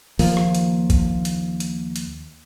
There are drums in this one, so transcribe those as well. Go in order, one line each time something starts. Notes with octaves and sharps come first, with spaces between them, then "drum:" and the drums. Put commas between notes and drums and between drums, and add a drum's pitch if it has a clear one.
D#2 F3 A#3, drum: open hi-hat
drum: rim click
drum: hi-hat
drum: kick, hi-hat
drum: hi-hat
drum: hi-hat
drum: hi-hat